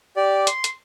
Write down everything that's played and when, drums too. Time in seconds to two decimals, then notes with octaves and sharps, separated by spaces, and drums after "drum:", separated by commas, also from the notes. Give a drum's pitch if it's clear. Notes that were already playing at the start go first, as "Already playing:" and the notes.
0.16 G4 D5
0.47 C6, drum: hi-hat
0.64 drum: hi-hat